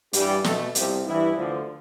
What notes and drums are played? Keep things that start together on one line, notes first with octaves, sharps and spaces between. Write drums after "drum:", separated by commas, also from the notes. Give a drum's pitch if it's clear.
G2 E3 G3 G4, drum: hi-hat
B2 A3 A4, drum: snare
C2 C3 F3 G4, drum: hi-hat
G2 E3 G3 B3 E4
D2 D3 F3